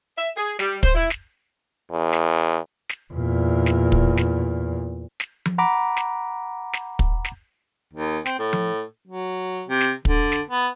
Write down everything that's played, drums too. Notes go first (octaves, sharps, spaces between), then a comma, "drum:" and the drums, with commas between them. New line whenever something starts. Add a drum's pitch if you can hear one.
E5
G#4
G3, drum: snare
C5, drum: kick
E4
drum: snare
E2
drum: snare
drum: snare
E2 A#2
drum: snare
drum: kick
drum: snare
drum: snare
drum: tom F3
F#5 A#5 B5 D6
drum: snare
drum: snare
drum: kick
drum: snare
D#2
C4, drum: snare
A2
drum: tom F3
F#3
C3
drum: snare
D3, drum: kick
drum: snare
B3